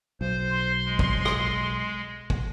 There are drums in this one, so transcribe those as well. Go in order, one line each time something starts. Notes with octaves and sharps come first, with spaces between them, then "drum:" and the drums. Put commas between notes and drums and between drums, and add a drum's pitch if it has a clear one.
B1 C5
C6
G#3
drum: kick
drum: rim click
drum: kick